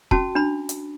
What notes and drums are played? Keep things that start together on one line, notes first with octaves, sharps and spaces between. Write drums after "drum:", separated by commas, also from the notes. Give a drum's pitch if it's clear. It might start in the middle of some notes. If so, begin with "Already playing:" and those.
C#4 F#4 A5, drum: kick
D4 B5
drum: hi-hat